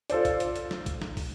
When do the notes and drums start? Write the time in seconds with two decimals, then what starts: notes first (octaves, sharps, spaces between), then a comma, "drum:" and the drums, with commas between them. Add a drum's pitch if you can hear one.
0.10 F4 A4 C5 D5, drum: hi-hat
0.25 drum: kick, hi-hat
0.40 drum: hi-hat
0.56 drum: hi-hat
0.71 drum: snare
0.86 drum: kick, hi-hat
1.02 drum: snare
1.17 drum: kick, open hi-hat